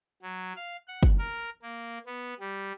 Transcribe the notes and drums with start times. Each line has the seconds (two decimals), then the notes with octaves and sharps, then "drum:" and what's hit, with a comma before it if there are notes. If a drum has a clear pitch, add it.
0.22 F#3
0.56 F5
0.88 F#5
1.03 drum: kick
1.18 A#4
1.62 A#3
2.06 B3
2.40 G3